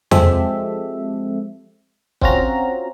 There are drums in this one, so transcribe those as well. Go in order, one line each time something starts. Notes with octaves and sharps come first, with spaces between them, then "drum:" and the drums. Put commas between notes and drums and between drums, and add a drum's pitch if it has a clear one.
F3 G#3 C4 G4 A4 E5, drum: tom E2
C4 C#4 F4 F#4 A#5, drum: kick